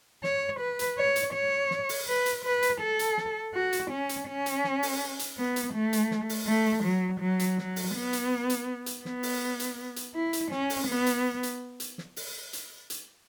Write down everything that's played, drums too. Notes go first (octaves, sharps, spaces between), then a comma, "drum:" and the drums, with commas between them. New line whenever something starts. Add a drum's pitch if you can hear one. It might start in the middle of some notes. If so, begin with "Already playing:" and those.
C#5, drum: snare
B4
drum: hi-hat
C#5
drum: hi-hat
C#5
drum: snare
drum: open hi-hat
B4
drum: hi-hat
B4
drum: hi-hat
A4
drum: hi-hat
drum: snare
F#4
drum: hi-hat
C#4
drum: hi-hat
C#4
drum: hi-hat
drum: snare
drum: open hi-hat
drum: hi-hat
B3
drum: hi-hat
A3
drum: hi-hat
drum: snare
drum: open hi-hat
A3
F#3
F#3
drum: hi-hat
F#3, drum: snare
drum: open hi-hat
B3
drum: hi-hat
drum: hi-hat
drum: hi-hat
B3, drum: snare
drum: open hi-hat
drum: hi-hat
drum: hi-hat
E4
drum: hi-hat
C#4, drum: snare
drum: open hi-hat
B3
drum: hi-hat
drum: hi-hat
drum: hi-hat
drum: snare
drum: open hi-hat
drum: hi-hat
drum: hi-hat